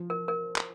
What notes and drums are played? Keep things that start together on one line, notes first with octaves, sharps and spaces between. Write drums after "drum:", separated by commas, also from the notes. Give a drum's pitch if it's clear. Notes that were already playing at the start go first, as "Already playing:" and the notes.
Already playing: F3
A#4
A#4
drum: clap